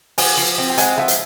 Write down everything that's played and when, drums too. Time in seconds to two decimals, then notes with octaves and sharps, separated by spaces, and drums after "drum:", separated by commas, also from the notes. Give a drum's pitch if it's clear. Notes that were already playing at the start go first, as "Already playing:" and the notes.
0.18 F3 F#5 G#5, drum: open hi-hat
0.37 F3
0.58 C4
0.70 G5
0.78 G#3 F#5 G#5, drum: hi-hat
0.98 F3 E5 F#5
1.08 drum: hi-hat